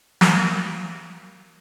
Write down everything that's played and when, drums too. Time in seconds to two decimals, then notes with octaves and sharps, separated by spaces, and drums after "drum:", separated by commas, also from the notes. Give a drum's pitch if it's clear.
0.21 A#3 F#4, drum: snare